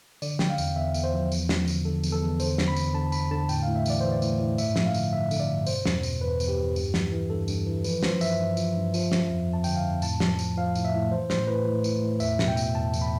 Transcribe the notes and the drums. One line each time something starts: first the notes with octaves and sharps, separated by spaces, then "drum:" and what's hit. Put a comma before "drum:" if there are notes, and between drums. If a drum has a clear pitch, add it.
D3 D5, drum: tambourine
D3 G5, drum: snare
F5
E2, drum: tambourine
E2 E5
E2, drum: tambourine
C5
F3
E2, drum: tambourine
F3, drum: snare
D3, drum: tambourine
D3 A4
E2, drum: tambourine
A4
E2
D3 C5, drum: tambourine
D3, drum: snare
B5
E2, drum: tambourine
D3 A5
E2 B5, drum: tambourine
D3 A5
A2 G5, drum: tambourine
A2 F5
E5
E3 D5, drum: tambourine
E3 C5
D5
A2, drum: tambourine
A2
G2 E5, drum: tambourine
F3, drum: snare
F5
D3, drum: tambourine
D3 E5
D3, drum: tambourine
D5
G2
B2 C5, drum: tambourine
E2, drum: snare
B2, drum: tambourine
E2 B4
E2, drum: tambourine
G4
E2
G2, drum: tambourine
E3, drum: snare
E3
G2 A4
G2, drum: tambourine
E3
F3 B4, drum: tambourine
F3 C5, drum: snare
G2 E5, drum: tambourine
G2
F3, drum: tambourine
G2
F3, drum: tambourine
F3, drum: snare
F2
F2
A5
D3 G5, drum: tambourine
F5
F2
A2 A5, drum: tambourine
F3, drum: snare
F3, drum: tambourine
F3 F5
A2, drum: tambourine
E5
A2
E3 C5
A2 C5, drum: snare
A2 B4
A2
A2, drum: tambourine
A2
E2 E5, drum: tambourine
B2, drum: snare
G5
B2, drum: tambourine
E2 A5
E2, drum: tambourine
B5